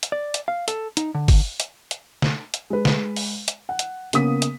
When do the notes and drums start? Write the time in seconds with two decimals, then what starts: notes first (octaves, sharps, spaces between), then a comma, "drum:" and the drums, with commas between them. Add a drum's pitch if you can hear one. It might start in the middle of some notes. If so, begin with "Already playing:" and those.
0.03 drum: hi-hat
0.12 D5
0.34 drum: hi-hat
0.48 F5
0.68 A4, drum: hi-hat
0.97 D#4, drum: hi-hat
1.15 D3
1.28 drum: kick, open hi-hat
1.60 drum: hi-hat
1.91 drum: hi-hat
2.22 drum: snare
2.54 drum: hi-hat
2.70 G#3 B4
2.85 drum: snare
3.16 drum: open hi-hat
3.48 drum: hi-hat
3.69 F#5
3.79 drum: hi-hat
4.13 C#3 A#3 B3 D#6 B6, drum: hi-hat
4.42 drum: hi-hat